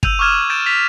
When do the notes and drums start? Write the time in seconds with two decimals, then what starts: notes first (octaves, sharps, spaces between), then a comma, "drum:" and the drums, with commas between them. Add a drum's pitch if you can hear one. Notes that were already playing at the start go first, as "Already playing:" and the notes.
0.03 E6 G6 D#7 F7, drum: kick
0.19 C#6 D6 F6 G#6 E7
0.50 G6 A6 D7 E7
0.66 A6 B6 F7